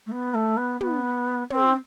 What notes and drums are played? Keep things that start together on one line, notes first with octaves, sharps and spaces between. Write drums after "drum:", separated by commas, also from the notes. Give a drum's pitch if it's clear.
A3
B3
A3
B3
B3, drum: tom
C4, drum: tom